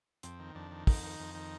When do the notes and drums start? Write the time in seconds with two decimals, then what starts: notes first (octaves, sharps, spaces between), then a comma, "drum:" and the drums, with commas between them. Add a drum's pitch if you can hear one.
0.23 F2 C4, drum: hi-hat
0.39 D#3
0.55 F2 D4
0.71 D#3
0.87 F2 D#4, drum: kick, open hi-hat
1.03 D#3
1.20 F2
1.35 D#3